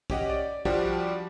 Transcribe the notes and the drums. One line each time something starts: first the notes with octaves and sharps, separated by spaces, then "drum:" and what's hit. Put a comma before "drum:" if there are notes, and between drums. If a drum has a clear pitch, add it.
C#4 G4 D#5 F#5, drum: kick
D5
F3 G3 D4 F#4 G4, drum: kick